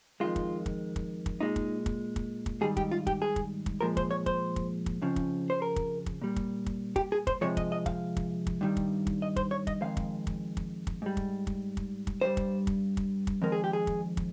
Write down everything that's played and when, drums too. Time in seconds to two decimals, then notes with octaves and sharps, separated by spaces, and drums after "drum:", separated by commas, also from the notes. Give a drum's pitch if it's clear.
0.20 F2 D#3 G#3 F4
0.36 drum: kick
0.66 drum: kick
0.96 drum: kick
1.26 drum: kick
1.41 A#2 G#3 D#4
1.56 drum: kick
1.86 drum: kick
2.16 drum: kick
2.46 drum: kick
2.61 G#2 D#3 G3 G#4
2.77 G4, drum: kick
2.91 F4
3.07 G4, drum: kick
3.22 G#4
3.36 drum: kick
3.66 drum: kick
3.81 A#2 F3 G#3 A#4
3.97 C5, drum: kick
4.11 C#5
4.26 C5, drum: kick
4.56 drum: kick
4.86 drum: kick
5.02 F2 C#3 F3
5.16 drum: kick
5.50 C5
5.62 A#4
5.76 drum: kick
6.06 drum: kick
6.22 A#2 G3
6.36 drum: kick
6.66 drum: kick
6.96 G4, drum: kick
7.12 G#4
7.27 C5, drum: kick
7.41 C3 F3 G#3 C#5
7.57 D#5, drum: kick
7.72 D#5
7.86 F5, drum: kick
8.17 drum: kick
8.47 drum: kick
8.61 G2 D#3 G3
8.77 drum: kick
9.07 drum: kick
9.22 D#5
9.36 C5, drum: kick
9.51 C#5
9.67 D#5, drum: kick
9.81 F2 D#3 G#3 F5
9.97 drum: kick
10.27 drum: kick
10.57 drum: kick
10.87 drum: kick
11.02 G#2 G3
11.17 drum: kick
11.47 drum: kick
11.77 drum: kick
12.07 drum: kick
12.21 G2 G3 C5
12.37 drum: kick
12.67 drum: kick
12.97 drum: kick
13.27 drum: kick
13.42 F2 D#3 G#3 A#4
13.52 G#4
13.64 G4
13.73 G#4
13.87 drum: kick
14.17 drum: kick